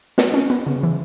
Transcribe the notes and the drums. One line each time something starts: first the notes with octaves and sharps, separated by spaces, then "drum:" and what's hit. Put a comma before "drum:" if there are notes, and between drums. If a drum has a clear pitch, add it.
B3, drum: snare
C#4
B3
C#3
E3